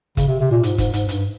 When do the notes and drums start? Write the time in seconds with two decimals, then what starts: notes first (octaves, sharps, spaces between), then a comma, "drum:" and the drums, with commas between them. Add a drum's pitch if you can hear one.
0.17 C#3, drum: kick F#1, hi-hat
0.28 C3
0.40 C3
0.51 A#2
0.63 G#2, drum: hi-hat
0.78 G#2, drum: kick F#1, hi-hat
0.93 G#2, drum: hi-hat
1.09 G2, drum: hi-hat